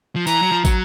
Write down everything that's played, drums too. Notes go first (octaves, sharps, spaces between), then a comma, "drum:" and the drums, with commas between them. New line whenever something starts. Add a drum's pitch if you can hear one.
F3
E3 A#5, drum: tambourine
F#3
F3
F#3, drum: kick, tambourine